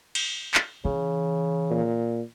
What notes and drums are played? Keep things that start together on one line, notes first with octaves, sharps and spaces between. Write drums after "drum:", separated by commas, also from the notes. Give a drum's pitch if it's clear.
drum: cymbal
drum: clap
C#3 E3
A#2